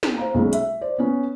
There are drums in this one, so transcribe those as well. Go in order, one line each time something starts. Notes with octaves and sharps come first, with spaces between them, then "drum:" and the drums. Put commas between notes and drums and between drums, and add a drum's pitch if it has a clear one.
drum: snare
C5 F5 A#5
B1 G#3 C#4
E5, drum: hi-hat
C5 D5
B3 C#4